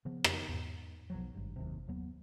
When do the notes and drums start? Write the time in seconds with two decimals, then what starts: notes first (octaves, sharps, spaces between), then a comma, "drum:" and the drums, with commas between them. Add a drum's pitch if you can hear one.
0.05 C#3 F3 B3
0.24 drum: rim click
0.48 E2 G#2
1.10 B1 F3 F#3
1.35 G#1 G2
1.56 F#1 D#2 C3
1.88 D#2 F#3 B3